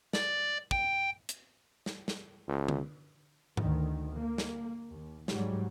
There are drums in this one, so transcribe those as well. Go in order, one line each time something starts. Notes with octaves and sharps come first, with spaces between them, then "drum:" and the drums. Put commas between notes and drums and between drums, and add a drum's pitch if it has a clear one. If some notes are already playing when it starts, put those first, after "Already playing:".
D5, drum: snare
G5, drum: kick
drum: hi-hat
drum: snare
drum: snare
C#2
drum: tom D3
D2 D#3, drum: tom G#2
A#3
drum: snare
D#2
G#2 F#3 G3, drum: snare